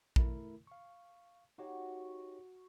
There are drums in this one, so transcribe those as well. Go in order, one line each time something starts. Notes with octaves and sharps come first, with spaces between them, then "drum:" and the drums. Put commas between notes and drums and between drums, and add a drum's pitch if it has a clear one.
A3 E4 A#4, drum: kick A#1
F5 C#6
D#4 F#4 G4 C#5